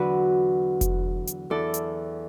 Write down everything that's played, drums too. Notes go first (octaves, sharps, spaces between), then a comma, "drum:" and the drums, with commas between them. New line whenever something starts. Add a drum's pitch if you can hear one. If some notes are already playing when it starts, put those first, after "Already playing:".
Already playing: E2 D3 F#3 F#4 B4 D5
drum: kick F1, hi-hat
drum: hi-hat
E2 E3 A4 D5
drum: hi-hat